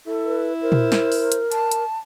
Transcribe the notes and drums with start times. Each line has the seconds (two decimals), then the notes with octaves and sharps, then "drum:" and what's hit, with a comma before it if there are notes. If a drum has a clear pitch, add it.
0.06 E4 A4
0.25 B4
0.62 A#4 C5
0.72 drum: tom A#2
0.92 drum: snare
1.12 drum: open hi-hat
1.32 drum: hi-hat
1.52 A5, drum: hi-hat
1.71 drum: hi-hat